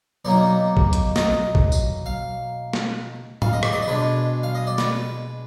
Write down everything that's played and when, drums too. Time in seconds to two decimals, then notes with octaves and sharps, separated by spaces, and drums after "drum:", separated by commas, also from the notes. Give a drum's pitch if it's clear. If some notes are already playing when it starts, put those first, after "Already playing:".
0.25 B2 F#3 A#3 D#4 D5
0.77 drum: kick
0.93 drum: hi-hat
1.16 D#5, drum: snare A#3
1.55 drum: kick
1.72 drum: tambourine
2.06 F5
2.73 drum: snare A#3
3.42 F5, drum: tom
3.53 D#5
3.63 D5, drum: rim click
3.73 D#5
3.82 D5
3.88 B2 G#3 D4 B4
4.43 F5
4.55 D#5
4.67 D5
4.78 B4, drum: snare A#3